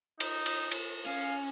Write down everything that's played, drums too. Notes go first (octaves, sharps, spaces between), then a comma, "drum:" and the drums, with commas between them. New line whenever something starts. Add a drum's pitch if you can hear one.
D#4, drum: cymbal
drum: cymbal
drum: cymbal
C#4 F5